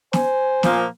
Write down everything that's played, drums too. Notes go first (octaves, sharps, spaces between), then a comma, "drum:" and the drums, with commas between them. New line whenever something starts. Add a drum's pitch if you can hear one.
C5 G#5, drum: snare
A#2 F3 A#3, drum: snare